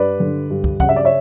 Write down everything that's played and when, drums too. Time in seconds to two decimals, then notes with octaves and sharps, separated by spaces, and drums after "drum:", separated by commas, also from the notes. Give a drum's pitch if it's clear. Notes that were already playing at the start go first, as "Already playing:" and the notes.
Already playing: G2 B4 D5
0.20 D3
0.50 G2
0.64 drum: kick
0.80 C#3 F#5, drum: kick
0.89 E5
0.96 D5
1.05 C#5 E5